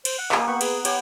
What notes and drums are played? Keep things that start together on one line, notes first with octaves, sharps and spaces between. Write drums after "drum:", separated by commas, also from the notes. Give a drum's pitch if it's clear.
C5, drum: cymbal
F#5
A#3 G4 G#5, drum: clap
B3 F#5 B5 C#6
G#4, drum: cymbal
G4 C#5, drum: cymbal